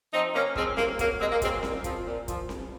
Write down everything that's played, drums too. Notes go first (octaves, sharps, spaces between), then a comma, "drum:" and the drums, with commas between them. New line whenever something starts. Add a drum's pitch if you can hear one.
F3 C4 D#4
C3 A#3 C#4
F3 G#3 C4, drum: kick
C3 A#3, drum: snare C4
F#3 A#3, drum: kick, hi-hat
C3 G#3 C4
A#3
F#3 G#3 C4, drum: kick, hi-hat
A#2, drum: snare C4
F3, drum: kick, hi-hat
A#2
F3, drum: kick, hi-hat
drum: snare C4